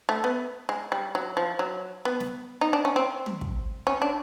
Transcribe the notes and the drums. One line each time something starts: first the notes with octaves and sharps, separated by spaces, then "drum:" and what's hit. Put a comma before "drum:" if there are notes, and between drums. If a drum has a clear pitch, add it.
A3
B3
G#3
G3
F#3
F3
F#3
B3
drum: snare
D#4
D4
C#4
C4
drum: tom
drum: kick
C#4
D4